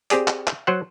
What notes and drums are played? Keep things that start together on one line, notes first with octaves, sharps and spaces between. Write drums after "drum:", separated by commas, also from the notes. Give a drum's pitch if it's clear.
C4 G4 G#4 D5, drum: hi-hat
drum: clap
drum: clap
F#3 C5 F#5